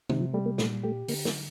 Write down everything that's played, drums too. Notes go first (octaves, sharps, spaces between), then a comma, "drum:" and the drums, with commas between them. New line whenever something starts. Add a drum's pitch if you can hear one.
C3 D#3, drum: tom
F3
G3 A3
A#3
A#2 A3, drum: snare
A3 G4
D3 A#3, drum: open hi-hat
A#3, drum: snare